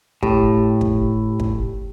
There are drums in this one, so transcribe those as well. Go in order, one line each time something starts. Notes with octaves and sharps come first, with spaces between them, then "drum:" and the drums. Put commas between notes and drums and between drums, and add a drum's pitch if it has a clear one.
A2 G4, drum: kick
drum: kick
drum: kick